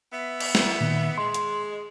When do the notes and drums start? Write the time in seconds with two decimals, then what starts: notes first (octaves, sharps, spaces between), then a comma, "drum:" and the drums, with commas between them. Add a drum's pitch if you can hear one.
0.13 B3 E5
0.40 drum: cymbal
0.55 drum: snare
0.81 A#2 D#3
1.18 G#3 C6
1.34 drum: hi-hat